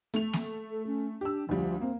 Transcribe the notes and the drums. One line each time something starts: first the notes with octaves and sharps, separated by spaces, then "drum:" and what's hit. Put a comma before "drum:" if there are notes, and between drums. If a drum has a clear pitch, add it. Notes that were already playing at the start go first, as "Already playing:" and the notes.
A3 F7, drum: hi-hat
drum: snare A#3
A4
C#4
D4 G4 E6
D2 F3 G3
A#3 C4